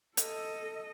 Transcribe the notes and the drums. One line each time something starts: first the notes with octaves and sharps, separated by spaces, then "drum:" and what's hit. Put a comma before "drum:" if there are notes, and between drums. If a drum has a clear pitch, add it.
A4 D#5, drum: hi-hat